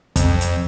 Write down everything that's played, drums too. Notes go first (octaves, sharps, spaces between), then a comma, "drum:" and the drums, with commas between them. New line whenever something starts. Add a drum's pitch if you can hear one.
F2, drum: kick, hi-hat
drum: hi-hat